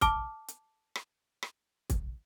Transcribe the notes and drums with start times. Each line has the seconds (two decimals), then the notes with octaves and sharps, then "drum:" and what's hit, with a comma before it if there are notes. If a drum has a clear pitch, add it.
0.01 A5 D6 F6, drum: kick, hi-hat
0.48 drum: hi-hat
0.95 drum: rim click
1.43 drum: rim click
1.90 drum: kick, hi-hat